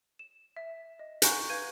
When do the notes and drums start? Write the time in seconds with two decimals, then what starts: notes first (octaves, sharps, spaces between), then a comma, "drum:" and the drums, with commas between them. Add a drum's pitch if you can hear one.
0.19 E7
0.57 E5
0.99 D#5
1.22 F#5 G#5 A#5 C#6 F#6 G6, drum: hi-hat
1.49 B4 F5 G6 G#6 D#7